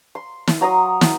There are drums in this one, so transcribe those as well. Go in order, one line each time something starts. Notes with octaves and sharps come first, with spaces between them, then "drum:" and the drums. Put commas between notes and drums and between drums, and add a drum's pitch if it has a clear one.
C6
drum: snare
F#3 A#5 C6 D#6
drum: snare